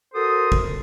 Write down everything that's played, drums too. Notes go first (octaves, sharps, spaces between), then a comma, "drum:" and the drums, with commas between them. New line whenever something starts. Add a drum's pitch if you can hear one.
F#4 A4 A#4 C5 D#6
drum: kick